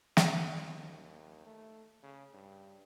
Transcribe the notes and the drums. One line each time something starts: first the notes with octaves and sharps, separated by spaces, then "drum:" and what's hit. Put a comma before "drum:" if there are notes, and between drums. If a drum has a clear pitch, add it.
F#2, drum: snare
D#2
A3
C#3
G2